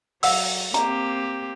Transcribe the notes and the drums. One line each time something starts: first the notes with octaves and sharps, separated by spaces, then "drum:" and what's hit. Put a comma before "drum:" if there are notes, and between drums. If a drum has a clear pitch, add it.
F#3 F5 F#5 E6, drum: open hi-hat
A#3 C4 G4 A#5, drum: hi-hat